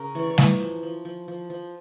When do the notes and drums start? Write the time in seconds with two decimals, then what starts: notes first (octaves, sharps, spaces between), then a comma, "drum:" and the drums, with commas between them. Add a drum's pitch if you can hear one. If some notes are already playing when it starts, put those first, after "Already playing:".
Already playing: C#3 C#4 A#4
0.15 E3 C#5
0.23 D5
0.30 C#5
0.38 E3, drum: snare G3
0.60 F3
0.83 F3
1.05 F3
1.28 F3
1.50 F3